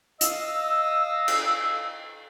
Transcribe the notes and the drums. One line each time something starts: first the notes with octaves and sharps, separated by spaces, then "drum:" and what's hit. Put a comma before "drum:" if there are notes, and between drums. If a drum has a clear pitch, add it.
D#5 F5 E6, drum: hi-hat
drum: cymbal